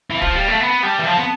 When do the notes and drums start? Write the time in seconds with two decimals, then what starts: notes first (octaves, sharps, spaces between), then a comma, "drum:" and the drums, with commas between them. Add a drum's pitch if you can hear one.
0.10 E3
0.16 F5
0.22 F3, drum: kick
0.35 G3
0.48 A3 A5
0.60 B3 B5
0.83 G3 A5
0.99 E3
1.06 F3 A5
1.17 B3